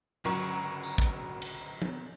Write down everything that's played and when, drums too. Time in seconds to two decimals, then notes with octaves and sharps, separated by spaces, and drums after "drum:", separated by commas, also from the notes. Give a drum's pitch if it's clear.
0.24 G1 C#2 F#3 A#4 C#6
0.83 drum: tambourine
0.98 drum: kick
1.42 drum: cymbal
1.82 drum: tom F3